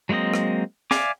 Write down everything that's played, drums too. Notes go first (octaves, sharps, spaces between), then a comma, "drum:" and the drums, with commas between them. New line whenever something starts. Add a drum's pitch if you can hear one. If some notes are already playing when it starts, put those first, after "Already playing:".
F#3 G#3 A#3 C4 D#5
drum: rim click
D5 E5 F5 G#5 D6, drum: snare